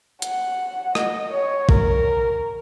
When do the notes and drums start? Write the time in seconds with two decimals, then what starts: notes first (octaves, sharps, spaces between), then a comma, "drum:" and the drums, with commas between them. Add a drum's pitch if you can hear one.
0.22 F#5, drum: hi-hat
0.95 D#5, drum: rim click
1.33 C#5
1.69 A#4, drum: kick